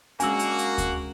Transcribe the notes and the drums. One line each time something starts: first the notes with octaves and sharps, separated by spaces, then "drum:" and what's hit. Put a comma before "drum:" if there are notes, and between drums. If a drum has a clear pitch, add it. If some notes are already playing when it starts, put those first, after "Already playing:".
G#3 A#3 C#4 D4 F#4 G#5 E6, drum: hi-hat
drum: hi-hat
drum: hi-hat
drum: kick D2, hi-hat